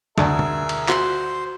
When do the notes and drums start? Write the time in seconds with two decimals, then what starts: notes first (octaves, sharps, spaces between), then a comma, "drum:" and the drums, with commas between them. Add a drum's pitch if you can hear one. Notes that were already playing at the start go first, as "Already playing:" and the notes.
0.18 D2 G#4 A#4 E5, drum: snare
0.39 drum: tom
0.69 drum: cymbal
0.88 F#4 C5 F#5 C6, drum: clap